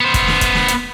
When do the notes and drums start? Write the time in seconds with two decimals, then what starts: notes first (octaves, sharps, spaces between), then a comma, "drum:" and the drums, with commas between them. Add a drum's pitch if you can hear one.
0.01 B3 C5
0.14 drum: kick, hi-hat
0.28 drum: snare
0.41 drum: kick, hi-hat
0.55 drum: snare
0.68 drum: hi-hat